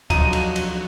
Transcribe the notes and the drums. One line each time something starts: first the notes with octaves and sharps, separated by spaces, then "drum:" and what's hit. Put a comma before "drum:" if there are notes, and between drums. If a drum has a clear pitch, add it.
F2 F3 F#3 D4 D#4 F#4 D#7, drum: kick C#2, cymbal
drum: cymbal
drum: cymbal